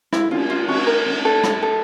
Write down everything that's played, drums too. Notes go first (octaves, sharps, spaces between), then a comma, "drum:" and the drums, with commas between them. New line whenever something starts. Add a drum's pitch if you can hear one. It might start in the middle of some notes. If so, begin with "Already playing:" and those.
E4, drum: rim click
F4, drum: cymbal
F4
F#4, drum: cymbal
A#4
drum: cymbal
A4
drum: rim click
A4